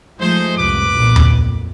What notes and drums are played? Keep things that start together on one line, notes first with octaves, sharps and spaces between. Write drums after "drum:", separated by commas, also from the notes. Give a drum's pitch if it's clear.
F3 G#3 A3 D#4 G#4 C5
C2 F2 A2 B4 D6
B1 E2 A#2
drum: tom D#2
F2